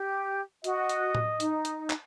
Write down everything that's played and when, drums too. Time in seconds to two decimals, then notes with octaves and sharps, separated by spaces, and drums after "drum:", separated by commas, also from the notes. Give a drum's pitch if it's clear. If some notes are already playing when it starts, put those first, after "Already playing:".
Already playing: G4
0.64 F#4 D#5, drum: hi-hat
0.89 drum: hi-hat
1.15 drum: tom A2
1.40 D#4, drum: hi-hat
1.65 drum: hi-hat
1.90 drum: clap